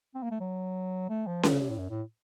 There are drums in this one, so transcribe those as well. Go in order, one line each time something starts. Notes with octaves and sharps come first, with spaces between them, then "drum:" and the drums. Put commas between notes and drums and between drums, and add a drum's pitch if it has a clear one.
C4
A#3
A3
F#3
A3
F3
D#3, drum: snare C#4
C#3
C3
A2
F#2
A2